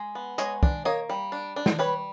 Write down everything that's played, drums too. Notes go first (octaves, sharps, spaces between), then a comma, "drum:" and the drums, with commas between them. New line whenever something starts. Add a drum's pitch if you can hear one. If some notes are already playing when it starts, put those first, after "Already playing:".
Already playing: G#3
B3
G#3 C#5 D#5, drum: hi-hat
D4, drum: kick
A#3 C#5 D#5
G3
D4
D4
drum: snare
G3 B4 C#5